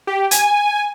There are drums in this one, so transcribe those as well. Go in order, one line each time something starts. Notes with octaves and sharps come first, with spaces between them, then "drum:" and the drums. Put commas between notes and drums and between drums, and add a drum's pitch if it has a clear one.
G4
G#5, drum: hi-hat